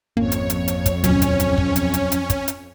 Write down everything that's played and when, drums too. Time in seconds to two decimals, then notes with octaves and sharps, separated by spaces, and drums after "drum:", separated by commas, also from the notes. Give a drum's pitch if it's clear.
0.17 G#1 F2 A#3 C#4 C#5
0.32 drum: hi-hat
0.50 drum: hi-hat
0.68 drum: hi-hat
0.86 drum: kick, hi-hat
1.04 G#1 D#2 B2 F#3 C#4, drum: hi-hat
1.22 drum: hi-hat
1.40 drum: hi-hat
1.58 drum: kick
1.76 drum: hi-hat
1.94 drum: hi-hat
2.12 drum: hi-hat
2.30 drum: kick, hi-hat
2.48 drum: hi-hat